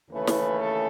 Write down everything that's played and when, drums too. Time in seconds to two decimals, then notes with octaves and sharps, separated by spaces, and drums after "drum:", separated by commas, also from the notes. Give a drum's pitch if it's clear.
0.11 D#2 C#3 E3 A3 C#4 B4
0.27 drum: snare
0.58 A4